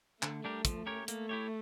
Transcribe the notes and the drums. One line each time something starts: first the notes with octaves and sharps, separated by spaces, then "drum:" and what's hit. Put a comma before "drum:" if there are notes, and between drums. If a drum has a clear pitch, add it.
D3 A3, drum: clap
G3 D4 G4 A#4
F3, drum: kick, hi-hat
C#4 G4 A#4 C#5
A3 A#3, drum: hi-hat
E4 G4 C#5